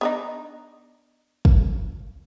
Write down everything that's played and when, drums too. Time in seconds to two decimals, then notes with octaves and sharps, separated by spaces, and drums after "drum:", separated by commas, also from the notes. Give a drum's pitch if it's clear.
0.01 B3 D4 D#4
1.45 drum: kick